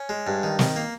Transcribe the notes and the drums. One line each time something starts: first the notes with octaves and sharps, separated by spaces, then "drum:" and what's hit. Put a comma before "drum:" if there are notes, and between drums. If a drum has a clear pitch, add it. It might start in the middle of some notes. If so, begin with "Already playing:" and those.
Already playing: C#4
G#3
G2
D#3
D#3, drum: snare
A#3